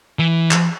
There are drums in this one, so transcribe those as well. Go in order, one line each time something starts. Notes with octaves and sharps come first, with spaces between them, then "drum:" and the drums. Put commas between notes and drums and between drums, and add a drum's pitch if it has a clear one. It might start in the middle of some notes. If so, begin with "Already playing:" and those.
E3
drum: clap